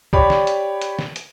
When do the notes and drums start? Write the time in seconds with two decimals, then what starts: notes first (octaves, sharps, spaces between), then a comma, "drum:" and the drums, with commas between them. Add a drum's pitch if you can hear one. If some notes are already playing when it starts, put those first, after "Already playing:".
0.13 G4 C#5 D5 B5, drum: kick B1
0.30 drum: snare
0.47 drum: hi-hat
0.81 drum: hi-hat
0.99 drum: snare
1.16 drum: hi-hat